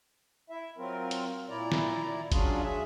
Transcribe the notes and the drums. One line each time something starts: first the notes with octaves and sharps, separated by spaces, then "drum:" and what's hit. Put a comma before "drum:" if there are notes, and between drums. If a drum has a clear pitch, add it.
E4 E5
F#3 C4 F4 A#4
drum: hi-hat
A#2 E4 D5 A#5
drum: snare
F#3 C#4 D4 F4 G#4, drum: kick G1, hi-hat
G#4 E5